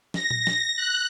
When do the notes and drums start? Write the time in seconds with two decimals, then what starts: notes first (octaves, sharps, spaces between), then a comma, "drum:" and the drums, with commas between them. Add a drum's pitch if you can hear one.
0.14 A#6, drum: snare
0.31 drum: tom A#2
0.47 drum: snare
0.76 F#6